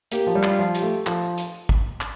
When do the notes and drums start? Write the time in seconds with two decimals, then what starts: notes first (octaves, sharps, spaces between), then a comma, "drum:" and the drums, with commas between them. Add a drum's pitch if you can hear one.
0.12 A#3 G4, drum: hi-hat
0.27 F3
0.35 G3
0.43 F4, drum: clap
0.59 F3
0.75 G4, drum: hi-hat
0.82 A3
1.07 F3, drum: clap
1.38 drum: hi-hat
1.69 drum: kick G#1
2.01 drum: clap